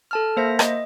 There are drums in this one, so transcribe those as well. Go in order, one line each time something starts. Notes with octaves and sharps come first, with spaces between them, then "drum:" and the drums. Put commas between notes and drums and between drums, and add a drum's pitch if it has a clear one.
A4 A5 F6
A#3 C5 E5 A#6
D#5, drum: rim click